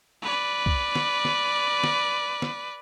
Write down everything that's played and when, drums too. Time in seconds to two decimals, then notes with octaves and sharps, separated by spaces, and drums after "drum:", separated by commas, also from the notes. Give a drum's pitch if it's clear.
0.22 B4 D5
0.66 drum: kick
0.95 drum: snare
1.25 drum: snare
1.84 drum: snare
2.42 drum: snare